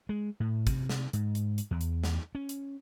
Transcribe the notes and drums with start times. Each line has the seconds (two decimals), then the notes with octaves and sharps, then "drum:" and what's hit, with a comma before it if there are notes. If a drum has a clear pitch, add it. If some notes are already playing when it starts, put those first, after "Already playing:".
0.09 G#3
0.40 A2
0.67 C3, drum: kick, hi-hat
0.89 drum: snare
1.13 G#2, drum: hi-hat
1.35 drum: hi-hat
1.58 drum: hi-hat
1.71 E2
1.81 drum: hi-hat
2.04 drum: snare
2.35 C#4
2.49 drum: hi-hat